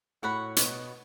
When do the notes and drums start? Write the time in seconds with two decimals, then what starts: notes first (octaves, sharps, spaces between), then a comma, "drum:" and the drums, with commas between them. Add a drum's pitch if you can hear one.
0.22 A2 A3 F#4 C#5 F#5 B5
0.56 B2 B3, drum: hi-hat